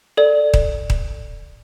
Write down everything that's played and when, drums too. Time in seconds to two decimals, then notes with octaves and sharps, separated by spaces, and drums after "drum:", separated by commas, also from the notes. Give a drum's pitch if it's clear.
0.17 A4 D5
0.54 drum: kick D#1
0.90 drum: kick D#1